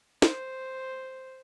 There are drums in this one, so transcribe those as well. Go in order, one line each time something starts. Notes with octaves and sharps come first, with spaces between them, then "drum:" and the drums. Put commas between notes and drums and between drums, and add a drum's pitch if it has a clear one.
C5, drum: snare